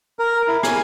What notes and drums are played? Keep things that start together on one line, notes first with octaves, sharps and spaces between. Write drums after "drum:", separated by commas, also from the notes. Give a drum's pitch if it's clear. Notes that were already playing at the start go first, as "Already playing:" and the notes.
A#4
E4
G#5, drum: rim click